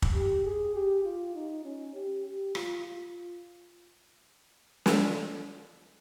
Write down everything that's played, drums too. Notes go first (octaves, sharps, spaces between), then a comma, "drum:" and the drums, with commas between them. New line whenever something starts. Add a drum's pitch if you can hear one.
drum: kick
G4
G#4
G4
F4
D#4
C#4
G4
G4
F4, drum: rim click
F4
drum: snare